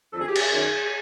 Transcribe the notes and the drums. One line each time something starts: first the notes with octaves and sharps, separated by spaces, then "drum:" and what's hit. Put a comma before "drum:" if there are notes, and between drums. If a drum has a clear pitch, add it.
F2 D3 F3 A4
G#4
G4
G#4, drum: cymbal
F#2 D#3
G#4